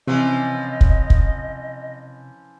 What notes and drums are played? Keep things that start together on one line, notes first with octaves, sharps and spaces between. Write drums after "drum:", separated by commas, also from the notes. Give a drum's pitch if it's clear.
C3 E3 F3 C#4 D#5
drum: kick
drum: kick